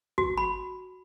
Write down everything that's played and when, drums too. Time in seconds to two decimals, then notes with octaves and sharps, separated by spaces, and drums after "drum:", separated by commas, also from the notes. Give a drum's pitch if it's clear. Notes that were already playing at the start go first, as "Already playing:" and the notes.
0.18 F#4, drum: kick
0.38 B5